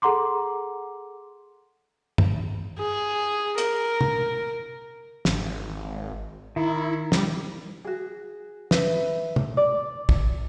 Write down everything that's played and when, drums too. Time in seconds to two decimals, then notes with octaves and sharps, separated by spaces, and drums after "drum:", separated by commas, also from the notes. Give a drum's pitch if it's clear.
0.02 G#4 A4 F#5 A#5 C6 D6
2.18 drum: tom
2.79 G#4
3.58 A#4, drum: hi-hat
4.01 drum: tom
5.25 G#1, drum: snare
6.56 D#3 E4
7.12 G3, drum: snare
7.85 F#4 G#4
8.71 B4 E5, drum: snare
9.36 drum: tom
9.57 D5
10.09 drum: kick